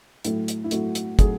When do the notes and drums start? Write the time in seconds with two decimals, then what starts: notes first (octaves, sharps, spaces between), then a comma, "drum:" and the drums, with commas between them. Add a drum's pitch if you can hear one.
0.25 A2 F#3 A3 E4, drum: hi-hat
0.48 drum: hi-hat
0.64 E4
0.71 A2 F#3 A3 F#4, drum: hi-hat
0.95 drum: hi-hat
1.19 A2 F#3 A3 G#4, drum: kick, hi-hat